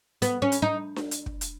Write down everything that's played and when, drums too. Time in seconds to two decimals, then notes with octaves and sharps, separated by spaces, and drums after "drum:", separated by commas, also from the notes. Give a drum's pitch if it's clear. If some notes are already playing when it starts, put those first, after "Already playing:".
0.22 B3, drum: hi-hat
0.42 C#4
0.52 drum: hi-hat
0.62 D#4
0.96 drum: snare D4
1.11 drum: hi-hat
1.26 drum: kick
1.41 drum: hi-hat